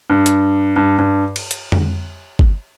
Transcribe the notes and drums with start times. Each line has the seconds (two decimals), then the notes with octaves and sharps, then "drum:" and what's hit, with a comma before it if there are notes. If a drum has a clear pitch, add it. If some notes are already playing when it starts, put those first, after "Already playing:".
0.10 G2
0.26 drum: hi-hat
0.76 G2
0.98 G2
1.36 drum: cymbal
1.51 drum: hi-hat
1.72 drum: tom
2.39 drum: kick